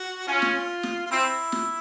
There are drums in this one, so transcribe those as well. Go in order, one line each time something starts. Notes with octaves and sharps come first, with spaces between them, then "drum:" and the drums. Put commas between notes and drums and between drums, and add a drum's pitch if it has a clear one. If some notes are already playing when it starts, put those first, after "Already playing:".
Already playing: F#4
C#4 F4
drum: snare
drum: snare
F4
C4 E4
drum: snare